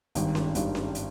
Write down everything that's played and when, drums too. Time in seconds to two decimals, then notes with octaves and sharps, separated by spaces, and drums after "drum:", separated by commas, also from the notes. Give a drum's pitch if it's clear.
0.15 G#1 G2 D#3, drum: hi-hat
0.35 drum: snare C#4
0.55 G#1 G2 D#3, drum: hi-hat
0.75 drum: snare C#4
0.95 drum: hi-hat